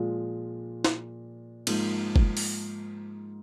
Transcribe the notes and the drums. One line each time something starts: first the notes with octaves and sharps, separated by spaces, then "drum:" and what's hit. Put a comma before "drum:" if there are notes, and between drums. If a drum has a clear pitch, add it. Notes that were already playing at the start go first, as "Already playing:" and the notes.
Already playing: A#2 F3 G#3 F4
drum: snare
G#2 F3 A#3, drum: cymbal
drum: kick F#1
drum: open hi-hat